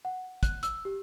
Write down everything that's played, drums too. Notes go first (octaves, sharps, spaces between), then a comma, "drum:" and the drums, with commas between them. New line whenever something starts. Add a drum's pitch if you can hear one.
F#5
F#6, drum: kick, hi-hat
E6, drum: hi-hat
G4